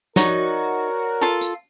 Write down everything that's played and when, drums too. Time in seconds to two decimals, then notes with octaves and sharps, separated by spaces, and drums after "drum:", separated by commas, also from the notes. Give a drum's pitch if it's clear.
0.16 D#4 F#4 A#4 C#5 D5 C#6, drum: snare
1.21 F4 A4
1.41 drum: hi-hat